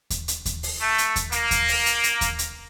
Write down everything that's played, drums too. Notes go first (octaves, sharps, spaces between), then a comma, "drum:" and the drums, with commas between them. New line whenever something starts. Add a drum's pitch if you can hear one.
drum: kick D#2, hi-hat
drum: hi-hat
drum: kick D#2, hi-hat
drum: open hi-hat
A3
drum: hi-hat
drum: kick D#2, hi-hat
A#3, drum: hi-hat
drum: kick D#2, hi-hat
drum: open hi-hat
drum: hi-hat
drum: hi-hat
drum: kick D#2, hi-hat
drum: hi-hat